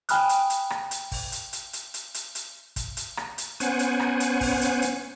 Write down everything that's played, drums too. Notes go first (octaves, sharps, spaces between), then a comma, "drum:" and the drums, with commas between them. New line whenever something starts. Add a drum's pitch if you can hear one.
G5 G#5 B5 D#6 F6 F#6, drum: hi-hat
drum: hi-hat
drum: hi-hat
drum: rim click
drum: hi-hat
drum: kick, open hi-hat
drum: hi-hat
drum: hi-hat
drum: hi-hat
drum: hi-hat
drum: hi-hat
drum: hi-hat
drum: kick, hi-hat
drum: hi-hat
drum: rim click
drum: hi-hat
B3 C#4 C5 F#5 G#5, drum: hi-hat
drum: hi-hat
drum: rim click
drum: hi-hat
drum: kick, open hi-hat
drum: hi-hat
drum: hi-hat